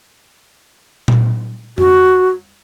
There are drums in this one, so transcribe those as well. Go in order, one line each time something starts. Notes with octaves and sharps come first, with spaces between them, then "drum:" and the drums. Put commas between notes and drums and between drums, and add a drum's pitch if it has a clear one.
drum: tom A#2
F#4, drum: tom F2